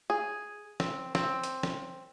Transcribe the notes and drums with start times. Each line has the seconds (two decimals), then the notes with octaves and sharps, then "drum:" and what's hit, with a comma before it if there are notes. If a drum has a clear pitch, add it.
0.10 G#4
0.80 C4, drum: snare
1.15 C4, drum: snare
1.43 drum: hi-hat
1.63 drum: snare